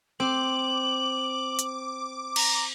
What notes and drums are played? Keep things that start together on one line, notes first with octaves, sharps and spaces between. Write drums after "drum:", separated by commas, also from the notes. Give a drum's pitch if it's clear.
C4 D6 F#7
drum: hi-hat
A#5, drum: cymbal